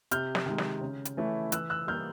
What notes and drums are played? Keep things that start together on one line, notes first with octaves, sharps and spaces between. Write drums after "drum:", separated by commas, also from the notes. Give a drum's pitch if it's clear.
C3 F6 G6, drum: hi-hat
drum: snare
D#3 G#3
drum: snare
C#3
drum: hi-hat
E3 A3 C#4 E4
E3 E6 F#6, drum: hi-hat
E6 F#6
G3 A#3 F6 G6